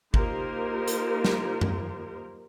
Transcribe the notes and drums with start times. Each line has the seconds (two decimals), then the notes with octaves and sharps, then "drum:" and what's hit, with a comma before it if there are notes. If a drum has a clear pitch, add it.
0.14 A#3 D#4 F4 G4 A#4 C5, drum: kick G#1
0.88 drum: hi-hat
1.25 drum: snare
1.61 drum: tom F#2